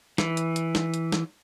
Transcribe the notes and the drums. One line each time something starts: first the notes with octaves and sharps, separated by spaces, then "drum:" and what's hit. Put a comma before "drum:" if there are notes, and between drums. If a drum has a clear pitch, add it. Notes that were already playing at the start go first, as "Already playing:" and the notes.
E3, drum: snare
drum: hi-hat
drum: hi-hat
drum: snare
drum: hi-hat
drum: snare